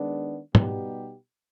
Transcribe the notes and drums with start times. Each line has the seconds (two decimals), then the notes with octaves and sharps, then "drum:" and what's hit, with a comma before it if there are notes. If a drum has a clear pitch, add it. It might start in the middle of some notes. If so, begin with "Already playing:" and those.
Already playing: D#3 G#3 B3 D4
0.55 B2 G3 B3 D#4 G4, drum: tom